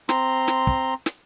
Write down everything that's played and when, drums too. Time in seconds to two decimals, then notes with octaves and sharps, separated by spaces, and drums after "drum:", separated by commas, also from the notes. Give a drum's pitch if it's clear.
0.09 C4 A#5 C6, drum: snare
0.48 drum: snare
0.67 drum: kick
1.06 drum: snare